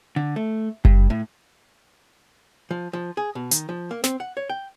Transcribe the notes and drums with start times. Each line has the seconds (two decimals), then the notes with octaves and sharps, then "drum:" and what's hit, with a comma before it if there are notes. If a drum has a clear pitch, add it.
0.16 D3
0.36 A3
0.85 G2, drum: kick F#1
1.10 A2
2.71 F3
2.93 F3
3.17 G#4
3.35 B2
3.51 D#3, drum: hi-hat
3.69 F3
3.91 A#3
4.04 C4, drum: snare
4.20 F#5
4.37 C#5
4.50 G5